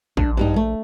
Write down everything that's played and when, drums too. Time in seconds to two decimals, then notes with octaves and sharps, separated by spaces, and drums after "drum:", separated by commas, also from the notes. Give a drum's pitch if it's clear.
0.17 A#1 D4, drum: kick
0.37 G2 G3 D#4
0.56 A3